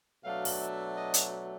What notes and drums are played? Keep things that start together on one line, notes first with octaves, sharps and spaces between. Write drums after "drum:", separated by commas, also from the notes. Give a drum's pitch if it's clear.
B2 F#3 A3 D4 F5
drum: open hi-hat
E5
D#5
drum: hi-hat